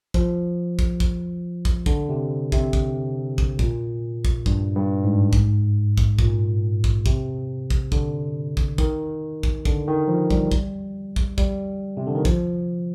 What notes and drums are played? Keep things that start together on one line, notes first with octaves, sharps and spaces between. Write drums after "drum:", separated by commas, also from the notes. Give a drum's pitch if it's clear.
F3, drum: kick
drum: kick
drum: kick
drum: kick
D3, drum: kick
C3
C3, drum: kick
drum: kick
drum: kick
A#2, drum: kick
drum: kick
G2, drum: kick
G2
G#2
drum: kick
drum: kick
A#2, drum: kick
drum: kick
C3, drum: kick
drum: kick
D3, drum: kick
drum: kick
D#3, drum: kick
drum: kick
D3, drum: kick
D#3
F3
G3, drum: kick
drum: kick
drum: kick
G3, drum: kick
C3
D3
D#3
F3, drum: kick